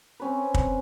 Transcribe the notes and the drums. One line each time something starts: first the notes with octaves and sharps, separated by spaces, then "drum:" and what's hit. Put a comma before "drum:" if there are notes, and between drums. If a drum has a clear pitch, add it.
C4 C#4 B4
drum: kick